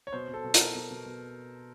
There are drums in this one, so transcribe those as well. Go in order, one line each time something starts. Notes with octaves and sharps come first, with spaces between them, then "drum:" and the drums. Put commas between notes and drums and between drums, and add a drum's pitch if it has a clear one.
C#5
B2 C5
B2 A4
B2
A#4, drum: hi-hat
B2
B2
B2
B2